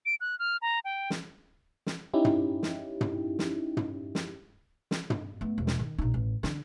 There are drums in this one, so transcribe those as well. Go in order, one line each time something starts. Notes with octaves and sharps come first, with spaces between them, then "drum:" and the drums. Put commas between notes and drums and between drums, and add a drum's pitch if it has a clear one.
D7
F#6
F6
A#5
G5
drum: snare
drum: snare
C#4 D#4 E4 G4
drum: tom
drum: snare
drum: tom
drum: snare
drum: tom
drum: snare
drum: snare
drum: tom
A3 B3
E1
drum: snare
D#3
A#1 D#4
A1
D3, drum: snare